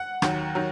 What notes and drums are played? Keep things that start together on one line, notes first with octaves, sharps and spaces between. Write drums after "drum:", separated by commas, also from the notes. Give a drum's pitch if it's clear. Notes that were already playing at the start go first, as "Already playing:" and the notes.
Already playing: F#5
D#2 D#3 F#3, drum: rim click
D#3 F#3